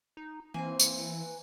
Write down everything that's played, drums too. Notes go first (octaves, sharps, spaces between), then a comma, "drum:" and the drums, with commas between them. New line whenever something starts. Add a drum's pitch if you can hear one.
D#4
E3 A#3 C4 G#5 A#5
drum: tambourine
B4